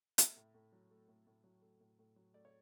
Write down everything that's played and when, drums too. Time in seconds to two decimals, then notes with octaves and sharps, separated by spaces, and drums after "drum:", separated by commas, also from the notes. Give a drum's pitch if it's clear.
0.18 A3 E5, drum: hi-hat
0.36 A2
0.54 A2
0.72 F#3
0.91 A3
1.08 A2
1.27 A2
1.44 F#3
1.62 A3
1.80 A2
1.99 A2
2.16 F#3
2.34 A3 D5
2.45 C#5